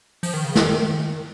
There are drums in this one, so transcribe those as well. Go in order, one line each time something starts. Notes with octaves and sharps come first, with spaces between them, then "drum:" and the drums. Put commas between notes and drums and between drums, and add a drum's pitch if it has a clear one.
F3, drum: open hi-hat
D#3
C#3
D#3, drum: snare